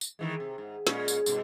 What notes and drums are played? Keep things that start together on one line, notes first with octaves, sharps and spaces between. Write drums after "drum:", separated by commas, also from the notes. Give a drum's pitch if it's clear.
drum: tambourine
D#3 E3 G#3
C3
G#2
A#2 G#3 C#4, drum: snare
drum: tambourine
G2 B2, drum: tambourine